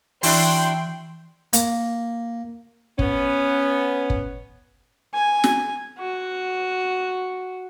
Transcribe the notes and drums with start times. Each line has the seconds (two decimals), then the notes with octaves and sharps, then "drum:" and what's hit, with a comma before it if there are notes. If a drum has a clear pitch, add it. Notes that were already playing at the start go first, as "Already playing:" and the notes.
0.23 E3 D4 E4 F#4 G5 C6, drum: open hi-hat
1.53 A#3, drum: hi-hat
2.99 B3 C#4, drum: kick
4.10 drum: kick
5.14 G#5
5.44 drum: snare
5.99 F#4